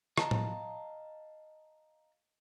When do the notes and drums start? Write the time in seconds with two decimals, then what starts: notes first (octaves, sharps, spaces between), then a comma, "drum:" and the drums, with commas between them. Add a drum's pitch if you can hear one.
0.18 D#5 F5 A5 A#5, drum: rim click
0.31 drum: tom A2